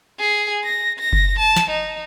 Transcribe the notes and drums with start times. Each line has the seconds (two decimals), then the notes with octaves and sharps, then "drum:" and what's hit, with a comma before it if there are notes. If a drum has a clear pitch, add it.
0.20 G#4
0.64 A#6
0.99 A#6
1.13 drum: kick F#1
1.39 A5
1.56 drum: snare
1.70 D#4